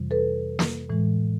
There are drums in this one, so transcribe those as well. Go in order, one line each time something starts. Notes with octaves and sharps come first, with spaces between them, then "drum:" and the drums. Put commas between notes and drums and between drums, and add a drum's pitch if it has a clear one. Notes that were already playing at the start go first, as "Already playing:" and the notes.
Already playing: F2 C3 E3 G3
A4 B4
drum: snare
A2 E3 G#3